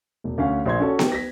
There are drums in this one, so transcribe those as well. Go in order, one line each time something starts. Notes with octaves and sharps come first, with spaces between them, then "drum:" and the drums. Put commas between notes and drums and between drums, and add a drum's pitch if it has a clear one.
E1
D2 C#4 F5
A#1 C5 C6 G#6
C#4 F#4 A4 C#5
G4, drum: snare B3
A#6 B6